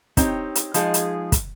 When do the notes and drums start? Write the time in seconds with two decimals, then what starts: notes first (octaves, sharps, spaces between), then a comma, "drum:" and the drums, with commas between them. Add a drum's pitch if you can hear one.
0.17 C4 D#4 G4 C#5, drum: kick, hi-hat
0.55 drum: hi-hat
0.74 F3 G#3 D#4 G#4, drum: hi-hat
0.94 drum: hi-hat
1.32 drum: kick, hi-hat